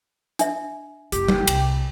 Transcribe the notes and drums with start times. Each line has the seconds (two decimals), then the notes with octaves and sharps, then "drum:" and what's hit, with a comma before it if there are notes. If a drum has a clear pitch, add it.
0.39 D4 E5, drum: hi-hat
1.12 F#1 E4 G4, drum: hi-hat
1.28 drum: tom G3
1.47 C2, drum: cymbal